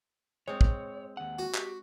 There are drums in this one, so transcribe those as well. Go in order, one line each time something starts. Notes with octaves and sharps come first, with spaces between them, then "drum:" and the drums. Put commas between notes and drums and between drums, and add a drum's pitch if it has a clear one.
G#3 C4 C#5
drum: kick
D#2 F#5
F#4
G4, drum: clap